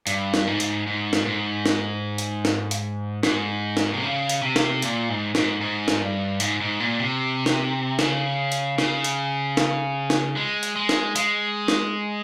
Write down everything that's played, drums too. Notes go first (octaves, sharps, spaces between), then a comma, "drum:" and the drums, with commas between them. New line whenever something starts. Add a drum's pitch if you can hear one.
G2, drum: hi-hat
drum: snare
G#2
drum: hi-hat
G#2
drum: snare
G#2
drum: snare
drum: hi-hat
drum: snare
drum: hi-hat
G#2, drum: snare
drum: snare
C3
C#3
drum: hi-hat
C3
drum: snare
A#2, drum: hi-hat
G#2
G#2, drum: snare
G#2
drum: snare
G2
G#2, drum: hi-hat
G#2
A#2
C3
drum: snare
C#3, drum: snare
drum: hi-hat
C#3, drum: snare
drum: hi-hat
drum: snare
drum: snare
G#3
drum: hi-hat
G#3
drum: snare
G#3, drum: hi-hat
drum: snare